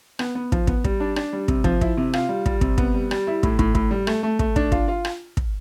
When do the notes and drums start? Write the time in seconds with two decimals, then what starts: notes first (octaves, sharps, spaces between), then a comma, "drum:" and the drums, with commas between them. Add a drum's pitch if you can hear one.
0.19 B3, drum: rim click
0.35 B3
0.52 F3, drum: kick
0.67 B3, drum: kick
0.84 G3, drum: kick
1.00 D4
1.16 D4, drum: rim click
1.33 G3
1.48 C3, drum: kick
1.64 F3, drum: kick
1.81 E4, drum: kick
1.97 C3
2.13 F4, drum: rim click
2.29 G3
2.46 G3, drum: kick
2.61 C3, drum: kick
2.78 B3, drum: kick
2.94 G3
3.11 G3, drum: rim click
3.27 E4
3.43 A2, drum: kick
3.59 A2, drum: kick
3.75 A2, drum: kick
3.91 G3
4.07 A3, drum: rim click
4.23 A3
4.39 A3, drum: kick
4.56 D4, drum: kick
4.72 F4, drum: kick
4.88 F4
5.05 drum: rim click
5.37 drum: kick